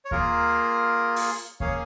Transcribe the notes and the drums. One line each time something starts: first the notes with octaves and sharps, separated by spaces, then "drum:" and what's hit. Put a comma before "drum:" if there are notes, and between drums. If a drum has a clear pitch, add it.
C#5
A#3 F4 G#4 A#4, drum: kick D#2
drum: open hi-hat
A#3 C#4 G#4 C#5 F5, drum: kick D#2